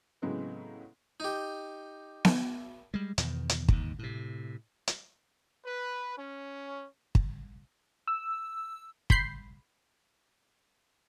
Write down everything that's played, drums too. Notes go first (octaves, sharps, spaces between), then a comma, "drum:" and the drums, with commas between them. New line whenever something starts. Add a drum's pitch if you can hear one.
A2 C#3 F#3 G#3 B3 C4
D#4 G4
drum: snare B3
G3 G#3
E2 B2 D#3, drum: hi-hat
drum: hi-hat
D#2 G#2, drum: kick
A2 C3
drum: hi-hat
B4
C#4
drum: kick
E6
B5 C6 G6 C7, drum: kick